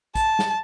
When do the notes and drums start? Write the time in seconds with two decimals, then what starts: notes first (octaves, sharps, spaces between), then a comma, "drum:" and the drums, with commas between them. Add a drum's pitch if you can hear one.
0.15 A5, drum: kick, hi-hat
0.39 drum: snare